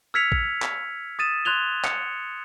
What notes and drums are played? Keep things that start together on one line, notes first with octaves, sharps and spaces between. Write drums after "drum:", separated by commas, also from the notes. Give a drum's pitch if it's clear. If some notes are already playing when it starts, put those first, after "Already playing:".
E6 F6 G#6 B6 C#7 F7
drum: kick
drum: clap
D#6 A6 D#7 E7
C6 F#6 G#6 F7 G7
C#7, drum: clap